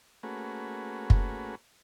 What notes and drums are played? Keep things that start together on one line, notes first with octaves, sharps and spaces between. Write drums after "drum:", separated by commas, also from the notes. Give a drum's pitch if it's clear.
A3 A#3 C#4 F#4 G#4 B4
drum: kick